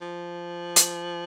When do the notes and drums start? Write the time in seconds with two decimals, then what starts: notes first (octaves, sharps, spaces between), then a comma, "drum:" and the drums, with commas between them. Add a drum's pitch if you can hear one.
0.01 F3
0.76 drum: hi-hat